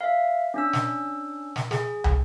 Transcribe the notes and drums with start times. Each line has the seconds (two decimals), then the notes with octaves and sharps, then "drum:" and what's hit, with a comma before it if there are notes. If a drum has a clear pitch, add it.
0.01 E5 F5
0.54 C#4 D4 E6
0.73 drum: snare
1.56 drum: snare
1.71 G#4, drum: snare
2.04 drum: tom